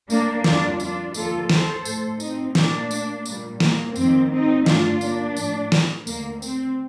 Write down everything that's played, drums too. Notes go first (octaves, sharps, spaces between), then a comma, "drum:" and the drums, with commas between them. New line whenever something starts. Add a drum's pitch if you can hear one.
A#3 D4, drum: tambourine
F2 D3 G3 A#3 D4 F4, drum: snare
D4 F4, drum: tambourine
D#2 D3 F3 A#3 F4 A4, drum: tambourine
A4 C5, drum: snare
A2 A3, drum: tambourine
C4 D#4, drum: tambourine
A#2 A3 A#3 D4, drum: snare
drum: tambourine
A#2 G3 A#3, drum: tambourine
A#3, drum: snare
F2 D#3 A#3 C4, drum: tambourine
C4 D#4
G2 D3 A3 D4 F4, drum: snare
A#3 D4, drum: tambourine
A2 F3 A#3, drum: tambourine
drum: snare
D#2 D3 A3 A#3, drum: tambourine
C4, drum: tambourine